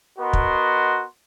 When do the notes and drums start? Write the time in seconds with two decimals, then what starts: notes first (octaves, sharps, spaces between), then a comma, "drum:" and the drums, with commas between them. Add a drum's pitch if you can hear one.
0.19 B3 F#4 A#4 D#5 C6
0.33 drum: kick